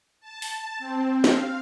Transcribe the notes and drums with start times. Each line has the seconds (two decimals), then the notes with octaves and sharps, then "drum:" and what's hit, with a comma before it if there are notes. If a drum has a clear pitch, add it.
0.20 A5
0.42 drum: open hi-hat
0.78 C4
1.24 F5, drum: snare